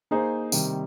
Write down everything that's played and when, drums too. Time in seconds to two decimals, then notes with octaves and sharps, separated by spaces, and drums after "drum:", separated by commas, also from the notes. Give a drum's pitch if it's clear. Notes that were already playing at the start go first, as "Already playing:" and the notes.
0.11 A#3 D#4 G#4 C5
0.52 C3 D#3 G3, drum: tambourine